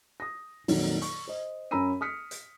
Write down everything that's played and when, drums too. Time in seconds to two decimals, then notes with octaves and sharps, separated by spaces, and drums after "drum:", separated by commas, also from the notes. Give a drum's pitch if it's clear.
0.20 D#6 A#6
0.68 F2 A#2 D#3 F#3, drum: open hi-hat
1.02 C#6, drum: hi-hat
1.27 C5 D#5
1.71 F#2 C#4 A#5 B5 E6 D#7
2.01 D#6 F6 B6 C#7
2.31 drum: hi-hat